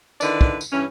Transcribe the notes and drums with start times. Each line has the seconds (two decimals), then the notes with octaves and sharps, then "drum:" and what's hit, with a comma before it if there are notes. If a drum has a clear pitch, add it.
0.21 D3 D#3 E4 B4 D5, drum: tambourine
0.41 drum: kick
0.61 drum: tambourine
0.72 G2 E3 C#4